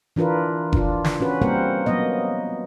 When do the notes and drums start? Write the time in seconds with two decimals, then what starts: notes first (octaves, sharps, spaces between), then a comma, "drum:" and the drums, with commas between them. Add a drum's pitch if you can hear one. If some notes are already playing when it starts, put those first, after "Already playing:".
0.16 E3 D4 F4 A#4 B4
0.73 D4 F4, drum: kick F1
1.04 drum: snare
1.20 C#4 F#4 B4
1.42 G3 A#3 C4 A#4 C5 F#5
1.86 F#3 A#3 B3 D#5